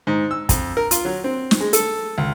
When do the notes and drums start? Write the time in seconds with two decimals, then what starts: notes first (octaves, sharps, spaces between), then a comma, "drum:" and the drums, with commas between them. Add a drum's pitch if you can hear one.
0.07 G#2
0.31 E6
0.49 F2, drum: kick, hi-hat
0.77 A#4
0.91 F4, drum: hi-hat
1.05 F#3
1.24 C4
1.51 drum: snare
1.60 G#3
1.73 A4, drum: hi-hat
2.18 C#2